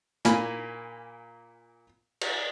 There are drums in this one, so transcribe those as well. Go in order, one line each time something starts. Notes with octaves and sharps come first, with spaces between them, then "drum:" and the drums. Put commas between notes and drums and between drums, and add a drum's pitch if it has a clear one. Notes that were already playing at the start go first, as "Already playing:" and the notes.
A#2 A#3 G#5 B5, drum: hi-hat
drum: cymbal